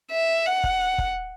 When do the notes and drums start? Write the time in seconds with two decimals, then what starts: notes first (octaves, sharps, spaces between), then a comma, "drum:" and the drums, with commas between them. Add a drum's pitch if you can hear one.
0.12 E5
0.46 F#5
0.64 drum: kick
0.98 drum: kick